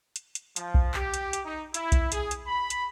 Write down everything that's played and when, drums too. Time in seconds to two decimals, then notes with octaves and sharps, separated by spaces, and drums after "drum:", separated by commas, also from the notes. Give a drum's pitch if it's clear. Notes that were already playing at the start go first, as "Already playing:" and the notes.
0.16 drum: hi-hat
0.35 drum: hi-hat
0.56 F3, drum: hi-hat
0.74 drum: kick B1
0.94 G4, drum: clap
1.14 drum: hi-hat
1.33 drum: hi-hat
1.45 D#4
1.74 E4, drum: hi-hat
1.92 drum: kick B1, hi-hat
2.12 G#4, drum: hi-hat
2.31 drum: hi-hat
2.47 B5
2.70 drum: hi-hat